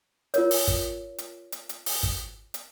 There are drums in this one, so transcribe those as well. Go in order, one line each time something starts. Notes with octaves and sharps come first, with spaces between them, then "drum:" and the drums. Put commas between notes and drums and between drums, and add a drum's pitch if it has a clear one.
F4 A#4 C#5, drum: hi-hat
drum: open hi-hat
drum: kick, hi-hat
drum: hi-hat
drum: hi-hat
drum: hi-hat
drum: open hi-hat
drum: kick, hi-hat
drum: hi-hat